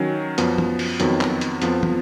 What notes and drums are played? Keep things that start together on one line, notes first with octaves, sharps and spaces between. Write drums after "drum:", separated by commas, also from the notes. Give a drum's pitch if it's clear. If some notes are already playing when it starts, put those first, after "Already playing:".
Already playing: D#3 F#3 C#4
F#2 F3 B3, drum: hi-hat
drum: tom
drum: open hi-hat
F2 D#3 F#3 B3, drum: hi-hat
drum: clap
drum: hi-hat
F2 F3 B3, drum: hi-hat
drum: tom